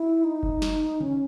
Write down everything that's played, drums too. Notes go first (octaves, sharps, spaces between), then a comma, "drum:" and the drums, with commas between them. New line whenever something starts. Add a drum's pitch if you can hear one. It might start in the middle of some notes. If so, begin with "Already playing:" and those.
Already playing: E4
D#4
drum: kick F#1
drum: snare
C#4, drum: tom